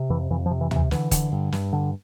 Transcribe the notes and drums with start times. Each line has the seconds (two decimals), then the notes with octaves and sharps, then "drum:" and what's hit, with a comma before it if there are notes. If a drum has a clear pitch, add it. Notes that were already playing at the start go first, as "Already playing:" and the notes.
Already playing: C3
0.10 F2 E3
0.30 F2 E3
0.46 F3
0.50 C3
0.61 E3
0.71 C3 E3, drum: tom
0.91 D3 E3, drum: snare
1.11 D3, drum: kick, hi-hat
1.32 G2
1.52 G2, drum: snare
1.73 D3